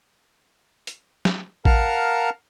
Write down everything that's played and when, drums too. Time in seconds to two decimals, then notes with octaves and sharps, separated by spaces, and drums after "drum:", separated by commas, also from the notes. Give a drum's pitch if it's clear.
0.87 drum: hi-hat
1.25 drum: snare
1.65 A#4 F5 F#5 A5 A#5 F6, drum: kick A1